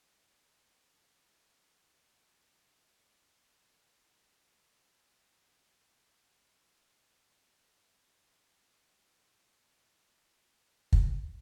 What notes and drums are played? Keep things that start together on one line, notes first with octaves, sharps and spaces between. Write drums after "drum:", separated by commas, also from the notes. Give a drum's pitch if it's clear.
D#4
G#4
D#4
D#4
F#3
F#3
G#4
D#4
G#4
A#3
G#4
G#4
A3
F#3
A3
F#3
D4
A3
A#2
F#3
A3
A3
A#2
A#2
A#2
B3
A#2
E4
E4
A#2
A#2
E4
E4
B3
B3
A#2
B3
D3
E4
E4
B3
D3
F#3
D3
D3
F#3
E4
D3
E4
B3
B3
A4
E4
G#3
B3
A4
A4
G#3
G#3
B3
G3
F4
F4
drum: kick